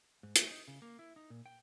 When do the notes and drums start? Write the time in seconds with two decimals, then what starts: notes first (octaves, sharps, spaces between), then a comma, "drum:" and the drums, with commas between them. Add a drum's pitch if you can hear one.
0.23 G#2
0.36 A3, drum: hi-hat
0.51 D#4
0.68 C#3
0.82 A#3
0.99 E4
1.16 D#4
1.30 A#2
1.46 G5